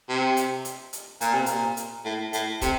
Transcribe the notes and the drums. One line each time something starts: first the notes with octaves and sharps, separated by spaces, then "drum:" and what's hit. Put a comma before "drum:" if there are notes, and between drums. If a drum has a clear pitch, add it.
C3
drum: hi-hat
drum: hi-hat
drum: hi-hat
A#2, drum: hi-hat
C3
A#2, drum: hi-hat
drum: hi-hat
A2
A2, drum: hi-hat
C3, drum: kick, hi-hat